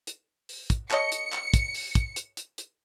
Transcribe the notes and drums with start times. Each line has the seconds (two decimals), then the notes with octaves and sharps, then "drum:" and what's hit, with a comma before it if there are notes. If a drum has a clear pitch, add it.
0.07 drum: hi-hat
0.49 drum: open hi-hat
0.70 drum: kick, hi-hat
0.91 A4 C#5 D#5 C#7, drum: clap
1.12 drum: hi-hat
1.33 drum: clap
1.54 drum: kick, hi-hat
1.74 drum: open hi-hat
1.95 drum: kick, hi-hat
2.16 drum: hi-hat
2.37 drum: hi-hat
2.58 drum: hi-hat